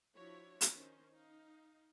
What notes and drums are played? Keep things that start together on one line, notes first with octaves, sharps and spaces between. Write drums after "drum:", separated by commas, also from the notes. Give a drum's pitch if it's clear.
F3 D4 E4 F#4 C#5
drum: hi-hat
D#3 C#4 D#4 C5
D#4 F5